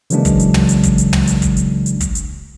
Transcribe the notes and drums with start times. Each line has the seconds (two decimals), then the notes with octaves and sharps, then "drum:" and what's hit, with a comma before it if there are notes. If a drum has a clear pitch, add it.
0.10 C#3 E3 F#3 G#3 A#3 D4, drum: hi-hat
0.25 drum: kick, hi-hat
0.39 drum: hi-hat
0.54 drum: tom
0.69 drum: hi-hat
0.83 drum: kick, hi-hat
0.98 drum: hi-hat
1.13 drum: tom
1.27 drum: hi-hat
1.42 drum: kick, hi-hat
1.57 drum: hi-hat
1.86 drum: hi-hat
2.00 drum: kick, hi-hat
2.15 drum: hi-hat